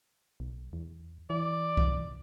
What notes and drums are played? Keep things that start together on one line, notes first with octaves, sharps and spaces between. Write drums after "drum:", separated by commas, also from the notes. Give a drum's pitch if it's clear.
B1
E2
E3 D5
drum: kick C2